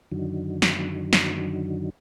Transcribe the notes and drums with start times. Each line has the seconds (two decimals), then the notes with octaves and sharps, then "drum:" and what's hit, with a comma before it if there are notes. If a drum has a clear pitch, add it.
0.12 F#2 D3 D#3 F#3
0.62 drum: snare
1.13 drum: snare